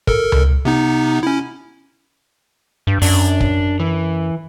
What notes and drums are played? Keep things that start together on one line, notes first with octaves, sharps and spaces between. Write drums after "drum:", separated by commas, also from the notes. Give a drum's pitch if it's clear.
A4 A#4, drum: kick
drum: tom C#2
C3 B3 D#4
C#4 E4
G2
F#2 D4, drum: open hi-hat
drum: kick
E3